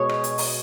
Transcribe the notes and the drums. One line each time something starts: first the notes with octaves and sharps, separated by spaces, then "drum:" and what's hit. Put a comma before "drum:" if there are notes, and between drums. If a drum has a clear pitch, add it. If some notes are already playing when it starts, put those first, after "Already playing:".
Already playing: B2 G#3 C#5
drum: rim click
drum: hi-hat
drum: open hi-hat